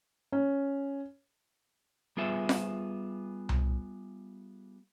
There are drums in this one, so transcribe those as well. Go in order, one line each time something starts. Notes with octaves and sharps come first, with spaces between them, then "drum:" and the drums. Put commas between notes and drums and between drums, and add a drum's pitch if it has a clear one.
C#4
G3 B3 F4 G#4 E5
drum: snare F4
drum: tom C2